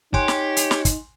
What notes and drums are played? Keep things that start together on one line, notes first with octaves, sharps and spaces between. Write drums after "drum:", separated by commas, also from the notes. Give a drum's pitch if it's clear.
D#4 G4 C#5 G#5 C6 F#6, drum: kick
drum: snare
drum: hi-hat
drum: snare
drum: kick, hi-hat